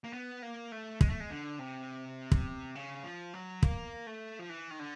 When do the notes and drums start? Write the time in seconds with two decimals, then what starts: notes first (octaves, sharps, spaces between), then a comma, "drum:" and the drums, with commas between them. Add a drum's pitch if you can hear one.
0.04 A#3
0.13 B3
0.42 A#3
0.72 A3
1.01 G#3, drum: kick
1.10 A3
1.20 G#3
1.30 D3
1.59 C3
2.32 drum: kick
2.75 C#3
3.04 F3
3.34 F#3
3.63 A#3, drum: kick
4.07 A3
4.39 F3
4.49 E3
4.70 D#3
4.79 D3